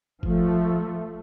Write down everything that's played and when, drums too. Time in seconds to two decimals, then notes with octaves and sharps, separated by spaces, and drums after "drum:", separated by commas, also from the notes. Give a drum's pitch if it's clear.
0.23 F3 A3, drum: kick F#1